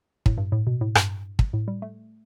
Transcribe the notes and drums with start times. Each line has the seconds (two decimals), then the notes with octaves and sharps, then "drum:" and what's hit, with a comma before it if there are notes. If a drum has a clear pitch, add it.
0.26 A2, drum: kick
0.37 G2
0.52 A2
0.67 B2
0.81 A2
0.95 G2, drum: rim click
1.39 drum: kick
1.53 A2
1.68 G3
1.82 A3